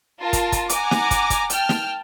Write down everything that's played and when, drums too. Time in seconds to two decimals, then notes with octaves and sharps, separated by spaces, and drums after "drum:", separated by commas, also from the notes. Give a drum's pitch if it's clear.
0.20 F4 A#4 A5
0.33 drum: kick, hi-hat
0.52 drum: kick, hi-hat
0.69 F#5 G#5 A#5 D6, drum: hi-hat
0.91 drum: snare
1.11 drum: kick, hi-hat
1.30 drum: kick, hi-hat
1.50 G5 A5 F6, drum: hi-hat
1.69 drum: snare